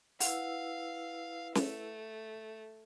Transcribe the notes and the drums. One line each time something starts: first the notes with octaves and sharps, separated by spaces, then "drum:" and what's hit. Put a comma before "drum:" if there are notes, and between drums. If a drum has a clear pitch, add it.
E4 B4 F5 F#5 E6, drum: open hi-hat
A3, drum: snare